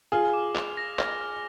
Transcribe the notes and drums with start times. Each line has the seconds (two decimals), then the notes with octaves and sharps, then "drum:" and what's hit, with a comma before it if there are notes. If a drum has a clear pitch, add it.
0.12 F4 G#4 F6
0.34 D6
0.55 F7, drum: clap
0.77 A#6
0.99 F6, drum: clap
1.21 F6